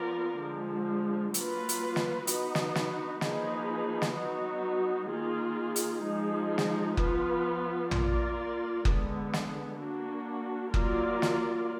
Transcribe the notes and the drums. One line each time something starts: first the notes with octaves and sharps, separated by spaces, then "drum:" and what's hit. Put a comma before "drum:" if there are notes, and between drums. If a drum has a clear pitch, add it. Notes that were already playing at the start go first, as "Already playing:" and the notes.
Already playing: F3 B3 F4 A#4 D5
D3 F3 G#3
F#3 A#3 F4 B4, drum: hi-hat
drum: hi-hat
drum: snare
B3 D#4 F#4 B4, drum: hi-hat
drum: snare
drum: snare
F3 A#3 D#4 G#4 B4, drum: snare
drum: snare
F#3 B3 D#4 F#4
D#3 A#3 F4 G#4
drum: hi-hat
F3 G#3 D#4 G#4
drum: snare
F3 B3 F4 B4, drum: kick F#1
A#3 F4 A#4 D5, drum: tom
D3 G#3 B3, drum: kick F#1
drum: snare
A#3 D4 F#4
F#3 A#3 F4 A#4 D5, drum: kick F#1
drum: snare